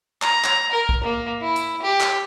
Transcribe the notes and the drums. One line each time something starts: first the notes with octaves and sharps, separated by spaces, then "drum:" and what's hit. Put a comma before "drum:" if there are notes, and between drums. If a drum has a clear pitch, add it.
A#5, drum: clap
drum: clap
A#4
drum: kick
A#3
E4
drum: hi-hat
G4
drum: clap